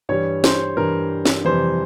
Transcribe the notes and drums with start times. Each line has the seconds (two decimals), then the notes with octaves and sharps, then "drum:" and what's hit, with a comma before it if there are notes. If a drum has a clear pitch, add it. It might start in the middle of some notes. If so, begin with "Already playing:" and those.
0.09 G2 E3 G3 C#5
0.44 C5, drum: snare
0.77 G2 E3 G3 A#4
1.25 drum: snare
1.45 F2 C3 E3 G3 C5